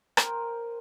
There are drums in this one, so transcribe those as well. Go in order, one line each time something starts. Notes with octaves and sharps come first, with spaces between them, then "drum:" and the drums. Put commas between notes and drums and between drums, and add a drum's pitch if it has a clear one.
A#4 C5 G5 G#5, drum: rim click